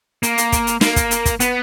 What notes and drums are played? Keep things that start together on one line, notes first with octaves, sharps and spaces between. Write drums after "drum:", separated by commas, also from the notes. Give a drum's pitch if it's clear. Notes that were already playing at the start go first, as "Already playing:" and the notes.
A#3, drum: hi-hat
drum: hi-hat
drum: kick, hi-hat
drum: hi-hat
A#3, drum: snare
drum: kick, hi-hat
drum: hi-hat
drum: kick, hi-hat
B3, drum: hi-hat